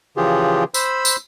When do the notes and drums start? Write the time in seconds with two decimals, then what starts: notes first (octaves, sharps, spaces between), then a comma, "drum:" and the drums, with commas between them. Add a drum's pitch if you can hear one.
0.17 C#3 E3 F3 F4 G4 G#4
0.74 C5 B5 E6, drum: tambourine
1.05 drum: tambourine